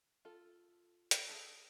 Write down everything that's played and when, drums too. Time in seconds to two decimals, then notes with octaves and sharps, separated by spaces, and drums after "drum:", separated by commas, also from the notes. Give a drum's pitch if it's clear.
0.25 F4 A4
1.11 drum: hi-hat
1.28 G#4 A4 A5